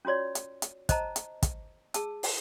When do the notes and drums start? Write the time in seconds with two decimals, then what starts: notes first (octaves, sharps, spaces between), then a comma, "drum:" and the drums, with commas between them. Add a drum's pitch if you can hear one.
0.05 C#4 F4 F#4 C#5 D5
0.35 drum: hi-hat
0.62 drum: hi-hat
0.89 C5 D#5 A5 A#5, drum: kick, hi-hat
1.16 drum: hi-hat
1.43 drum: kick, hi-hat
1.94 G#4 A5 E6, drum: hi-hat
2.23 drum: open hi-hat